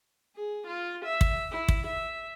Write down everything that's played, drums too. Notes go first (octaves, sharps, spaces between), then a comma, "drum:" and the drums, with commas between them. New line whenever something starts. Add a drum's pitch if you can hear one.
G#4
F4
E5
drum: kick
E4
drum: kick
E5